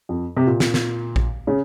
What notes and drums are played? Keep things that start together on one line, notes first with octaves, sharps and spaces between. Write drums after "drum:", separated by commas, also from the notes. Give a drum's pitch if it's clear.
F2
C3
A#2
drum: snare
drum: snare
drum: kick A#1
C#3